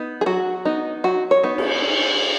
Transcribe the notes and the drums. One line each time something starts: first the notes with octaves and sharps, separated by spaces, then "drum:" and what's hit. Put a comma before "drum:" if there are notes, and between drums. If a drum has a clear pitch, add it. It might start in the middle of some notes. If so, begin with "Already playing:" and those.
Already playing: B3 D#4
G#4
F#3 F#4
B3 D#4
F#3 F#4
C#5
B3 D#4
drum: cymbal